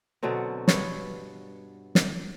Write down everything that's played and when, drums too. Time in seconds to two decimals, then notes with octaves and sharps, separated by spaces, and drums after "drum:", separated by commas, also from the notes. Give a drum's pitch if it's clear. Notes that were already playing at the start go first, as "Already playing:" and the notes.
0.23 B2 D3 F#3 C4
0.68 G2 B3 C#5, drum: snare
1.95 drum: snare